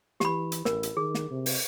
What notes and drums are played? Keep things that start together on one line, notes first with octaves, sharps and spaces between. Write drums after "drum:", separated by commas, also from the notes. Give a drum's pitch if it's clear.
E3 G4 B5, drum: snare
drum: hi-hat
A1 A#4, drum: snare
drum: hi-hat
D#3 G#4
drum: snare
C3
drum: open hi-hat